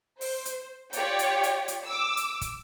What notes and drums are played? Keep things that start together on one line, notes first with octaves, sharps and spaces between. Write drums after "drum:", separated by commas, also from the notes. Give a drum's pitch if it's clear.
C5, drum: open hi-hat
drum: hi-hat
F4 G4 C#5 D5 G5, drum: hi-hat
drum: hi-hat
drum: hi-hat
drum: hi-hat
D6 E6
drum: hi-hat
drum: kick, hi-hat